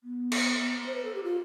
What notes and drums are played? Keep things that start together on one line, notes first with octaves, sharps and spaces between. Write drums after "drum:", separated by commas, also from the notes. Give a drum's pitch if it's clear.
B3
drum: cymbal
C5
B4
A4
G4
F4